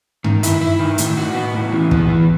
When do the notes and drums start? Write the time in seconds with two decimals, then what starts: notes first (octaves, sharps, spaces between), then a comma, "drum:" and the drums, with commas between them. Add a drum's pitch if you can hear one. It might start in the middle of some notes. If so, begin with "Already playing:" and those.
0.24 D#3, drum: tom G2
0.43 E4, drum: hi-hat
0.61 E4
0.79 D#3
0.98 A2, drum: hi-hat
1.17 F#4
1.35 B3
1.54 A2
1.72 E3
1.91 B3, drum: kick
2.09 E3